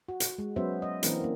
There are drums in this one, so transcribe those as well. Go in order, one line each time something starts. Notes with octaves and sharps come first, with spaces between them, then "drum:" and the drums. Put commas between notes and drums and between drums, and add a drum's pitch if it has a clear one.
F#4
drum: hi-hat
G#3
F#3 B3 C#4 C5 E5
D#5
E3 A#3 C4 D4 A#4 B4, drum: hi-hat
A#3 C#4